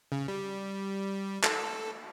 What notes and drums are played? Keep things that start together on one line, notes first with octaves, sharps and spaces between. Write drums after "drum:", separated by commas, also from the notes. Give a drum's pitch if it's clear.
C#3
G3
A4, drum: clap